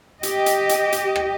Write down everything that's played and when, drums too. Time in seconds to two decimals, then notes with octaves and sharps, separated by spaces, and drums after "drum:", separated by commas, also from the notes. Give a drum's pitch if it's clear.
0.23 G4 D#5, drum: hi-hat
0.46 drum: hi-hat
0.69 drum: hi-hat
0.92 drum: hi-hat
1.16 drum: rim click